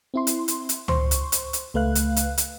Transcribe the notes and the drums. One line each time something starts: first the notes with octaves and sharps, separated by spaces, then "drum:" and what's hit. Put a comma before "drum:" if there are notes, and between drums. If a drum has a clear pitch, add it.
C4 E4 C6
drum: hi-hat
drum: hi-hat
drum: hi-hat
C5 C6 C#6, drum: tom C#2
drum: hi-hat
drum: hi-hat
drum: hi-hat
C#2 A3 B4 F5 F#6
drum: hi-hat
drum: hi-hat
drum: hi-hat